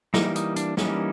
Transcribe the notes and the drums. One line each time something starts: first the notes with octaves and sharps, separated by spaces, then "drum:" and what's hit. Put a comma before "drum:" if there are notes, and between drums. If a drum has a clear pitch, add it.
E3 G3 A#3 D#4, drum: snare
D#4, drum: hi-hat
D4, drum: hi-hat
E3 G3 A#3 C#4 D#4, drum: snare